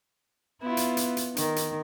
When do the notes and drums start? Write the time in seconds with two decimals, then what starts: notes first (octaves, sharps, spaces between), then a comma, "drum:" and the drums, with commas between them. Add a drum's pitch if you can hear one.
0.62 B3 E4 F4
0.77 drum: hi-hat
0.97 drum: hi-hat
1.17 drum: hi-hat
1.37 D#3, drum: hi-hat
1.56 drum: hi-hat